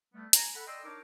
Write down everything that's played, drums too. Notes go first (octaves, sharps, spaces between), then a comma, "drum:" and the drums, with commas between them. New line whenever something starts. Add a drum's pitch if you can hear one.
G3 A3 B3
G#5 A#5, drum: hi-hat
A4 F#5 B5
D5 D#5 G5 C6 E6
D4 D#4 A#4 C#5 D6